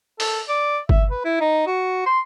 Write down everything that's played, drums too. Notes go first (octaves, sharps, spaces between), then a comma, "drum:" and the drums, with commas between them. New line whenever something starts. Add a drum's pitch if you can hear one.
A4, drum: open hi-hat
D5
E5, drum: kick G1
B4
E4
D#4
F#4
C6